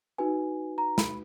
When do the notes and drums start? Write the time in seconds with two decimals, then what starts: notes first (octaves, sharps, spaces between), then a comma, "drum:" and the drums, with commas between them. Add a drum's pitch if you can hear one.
0.18 D#4 F#4 B4 G#5
0.78 A#5
0.98 B5, drum: snare